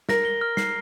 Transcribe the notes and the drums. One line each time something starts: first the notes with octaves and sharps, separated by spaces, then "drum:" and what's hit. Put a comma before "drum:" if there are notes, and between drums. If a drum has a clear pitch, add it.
A#4 A#6, drum: snare
G7
F6
C7, drum: snare